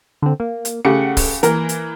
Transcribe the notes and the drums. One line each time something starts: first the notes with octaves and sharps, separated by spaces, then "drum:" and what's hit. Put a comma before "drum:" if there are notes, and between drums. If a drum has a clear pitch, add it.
D3 C4
A#3
drum: hi-hat
C#3 A3 G4 F#5 C#7
drum: kick, open hi-hat
E3 A#3 A#4, drum: hi-hat
drum: hi-hat